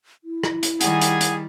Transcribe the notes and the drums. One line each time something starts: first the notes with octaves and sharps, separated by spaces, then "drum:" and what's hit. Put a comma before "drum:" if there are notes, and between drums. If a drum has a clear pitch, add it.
E4
drum: rim click
drum: hi-hat
D#3 G3 G#4 F#5 G#5, drum: hi-hat
drum: hi-hat
drum: hi-hat